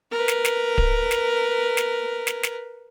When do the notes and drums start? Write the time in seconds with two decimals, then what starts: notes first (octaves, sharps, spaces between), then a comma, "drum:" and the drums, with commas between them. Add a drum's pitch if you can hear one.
0.11 A#4 B4
0.28 drum: snare
0.45 drum: snare
0.78 drum: kick D1
1.11 drum: snare
1.77 drum: snare
2.27 drum: snare
2.43 drum: snare